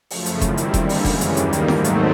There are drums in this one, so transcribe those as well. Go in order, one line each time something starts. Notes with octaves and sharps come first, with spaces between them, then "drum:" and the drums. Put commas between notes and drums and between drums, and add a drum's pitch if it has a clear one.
F#2 C#3 F3 A3, drum: open hi-hat
drum: hi-hat
D#3 G3 C4 E4, drum: kick F1, hi-hat
drum: hi-hat
F2 D3 G3 A#3, drum: kick F1, hi-hat
drum: open hi-hat
F#2 C#3 E3 G#3, drum: kick F1, open hi-hat
drum: hi-hat
D#2 D#3 G3 A#3, drum: hi-hat
drum: hi-hat
G#2 D#3 F#3 A3 C4, drum: snare
drum: hi-hat